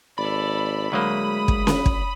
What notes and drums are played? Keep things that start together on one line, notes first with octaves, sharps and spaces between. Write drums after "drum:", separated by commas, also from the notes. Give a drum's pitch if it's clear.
G#1 A4 D5 B5
D2 F#3 G#3 A#3 D#6
drum: kick
drum: snare C#4
drum: kick